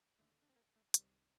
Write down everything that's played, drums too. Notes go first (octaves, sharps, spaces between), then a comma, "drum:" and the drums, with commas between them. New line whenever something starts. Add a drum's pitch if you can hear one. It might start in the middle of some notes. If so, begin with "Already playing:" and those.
D#2 D3 A3
D4
C4
A#3
A3
C2 C3 D#3 G3, drum: hi-hat